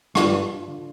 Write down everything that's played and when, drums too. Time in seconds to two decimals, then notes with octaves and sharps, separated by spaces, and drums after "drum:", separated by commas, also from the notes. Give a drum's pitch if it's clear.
0.15 G2 D4, drum: rim click
0.33 D4
0.50 F4
0.68 D3